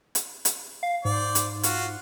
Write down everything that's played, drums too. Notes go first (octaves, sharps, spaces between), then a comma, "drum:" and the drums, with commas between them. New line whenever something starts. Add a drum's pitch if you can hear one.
drum: hi-hat
drum: hi-hat
F5
G#2 C5 D5
drum: hi-hat
F4 F#4, drum: hi-hat